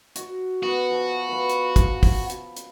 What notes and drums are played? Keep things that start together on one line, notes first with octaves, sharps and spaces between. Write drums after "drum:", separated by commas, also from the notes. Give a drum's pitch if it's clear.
F#4, drum: hi-hat
B3 F#4
F3
B4 F5
drum: hi-hat
drum: kick, hi-hat
drum: kick, open hi-hat
drum: hi-hat
drum: hi-hat